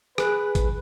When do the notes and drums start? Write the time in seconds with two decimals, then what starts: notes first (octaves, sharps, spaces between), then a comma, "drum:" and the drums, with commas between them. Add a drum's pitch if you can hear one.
0.18 G#4 B4 F#6, drum: rim click
0.55 drum: kick G#1, hi-hat